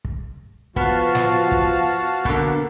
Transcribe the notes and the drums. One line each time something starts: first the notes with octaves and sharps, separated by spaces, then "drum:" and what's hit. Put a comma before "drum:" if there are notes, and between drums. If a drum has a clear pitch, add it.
drum: kick
F3 B3 F#4 F5 A5, drum: kick
drum: snare
drum: kick
B2 D3 A#3, drum: kick